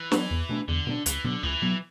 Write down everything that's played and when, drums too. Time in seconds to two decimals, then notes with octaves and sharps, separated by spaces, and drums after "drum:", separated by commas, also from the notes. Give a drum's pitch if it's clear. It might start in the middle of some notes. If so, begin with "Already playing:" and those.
Already playing: E3
0.12 F#3 B3 D4, drum: snare
0.31 E2
0.49 B2 A3 D4
0.68 E2 D3
0.87 B2 A3 D4
1.06 C#2 E3, drum: hi-hat
1.24 B2 D3 F#3 B3
1.43 C#2 E3
1.62 B2 F#3 B3